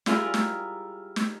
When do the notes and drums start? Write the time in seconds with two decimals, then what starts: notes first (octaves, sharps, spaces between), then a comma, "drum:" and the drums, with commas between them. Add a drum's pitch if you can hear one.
0.06 G3 G#3 E4 F4 G#4 A#4, drum: snare
0.34 drum: snare
1.16 drum: snare